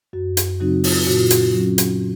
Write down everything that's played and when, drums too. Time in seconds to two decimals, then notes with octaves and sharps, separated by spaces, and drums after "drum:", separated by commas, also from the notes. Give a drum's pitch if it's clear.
0.13 F#2 F#4
0.37 drum: hi-hat
0.60 C#3 F#3 C4 D#4 F#4
0.84 F4, drum: open hi-hat
1.07 A#2 F#4
1.18 F4
1.30 F#4, drum: hi-hat
1.54 F#3 C#4
1.78 drum: hi-hat